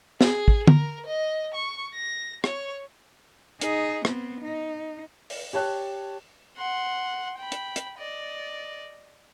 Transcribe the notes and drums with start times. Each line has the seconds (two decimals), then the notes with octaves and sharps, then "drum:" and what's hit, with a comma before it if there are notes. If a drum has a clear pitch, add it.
0.21 G#4, drum: snare
0.48 drum: kick
0.67 A#4, drum: tom D3
1.07 D#5
1.54 C#6
1.95 A#6
2.44 C#5, drum: rim click
3.61 D#4 G#4, drum: hi-hat
4.05 B3 C4, drum: rim click
4.41 D#4
5.30 drum: open hi-hat
5.53 G4 C#5 A5 F#6
6.57 F#5 C6
7.38 G5 B5
7.52 drum: hi-hat
7.76 drum: hi-hat
7.98 D5 D#5